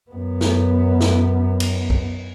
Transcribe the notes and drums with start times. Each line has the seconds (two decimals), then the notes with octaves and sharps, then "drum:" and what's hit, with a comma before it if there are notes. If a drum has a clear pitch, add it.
0.11 F#2 B3
0.41 drum: snare
1.00 drum: snare
1.60 drum: cymbal
1.90 drum: kick